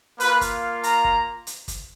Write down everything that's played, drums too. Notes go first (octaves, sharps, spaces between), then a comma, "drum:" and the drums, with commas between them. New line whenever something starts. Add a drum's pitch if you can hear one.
A#3 F4 B4, drum: hi-hat
drum: kick, hi-hat
A#5, drum: hi-hat
drum: kick
drum: hi-hat
drum: kick, hi-hat